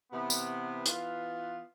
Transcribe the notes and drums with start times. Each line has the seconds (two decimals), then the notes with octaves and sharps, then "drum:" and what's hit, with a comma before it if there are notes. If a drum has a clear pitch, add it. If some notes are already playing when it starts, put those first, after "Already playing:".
0.11 C3 E3 B3
0.30 drum: tambourine
0.86 E3 B3 F4, drum: hi-hat